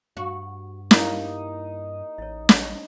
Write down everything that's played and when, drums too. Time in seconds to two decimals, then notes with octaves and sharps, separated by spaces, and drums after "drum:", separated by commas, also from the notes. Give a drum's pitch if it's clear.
0.17 G2 F#4
0.91 A#3 D#4 E4 G4, drum: snare
2.18 A1 C#5 D#5
2.49 drum: snare